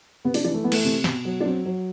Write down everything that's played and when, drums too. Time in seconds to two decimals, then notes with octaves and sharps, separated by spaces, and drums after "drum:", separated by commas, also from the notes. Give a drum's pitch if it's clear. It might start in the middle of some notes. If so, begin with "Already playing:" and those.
0.25 C3 B3
0.34 D4, drum: open hi-hat
0.44 E3 D4
0.54 A3
0.64 E3 B3
0.72 A3, drum: cymbal
0.84 C3
1.04 B2, drum: snare
1.25 F#3
1.40 D4
1.45 F#3 C4
1.65 F#3